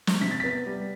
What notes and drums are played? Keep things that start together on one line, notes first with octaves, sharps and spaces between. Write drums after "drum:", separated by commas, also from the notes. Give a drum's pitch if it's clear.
drum: snare
C3 B6
A6
B3 B6
G3